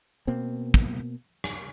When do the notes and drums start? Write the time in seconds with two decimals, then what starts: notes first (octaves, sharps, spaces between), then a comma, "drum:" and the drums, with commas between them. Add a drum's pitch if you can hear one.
0.27 B2 A#3 C4
0.74 drum: kick
1.44 drum: rim click